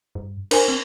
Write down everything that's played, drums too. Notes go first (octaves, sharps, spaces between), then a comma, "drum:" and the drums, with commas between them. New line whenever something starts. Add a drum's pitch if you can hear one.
G2
D4 A#4 C5 G#5, drum: cymbal
C4